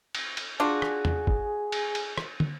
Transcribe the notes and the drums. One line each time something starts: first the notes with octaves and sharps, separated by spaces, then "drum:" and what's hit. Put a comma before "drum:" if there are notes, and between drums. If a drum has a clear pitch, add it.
drum: cymbal
drum: cymbal
D4 F4 F#4 G#4
drum: rim click
drum: tom E2
drum: kick
drum: cymbal
drum: cymbal
drum: rim click
drum: tom